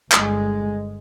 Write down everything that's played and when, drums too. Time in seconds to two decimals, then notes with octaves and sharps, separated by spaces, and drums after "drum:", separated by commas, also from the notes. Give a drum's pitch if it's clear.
0.12 G1 G#3, drum: clap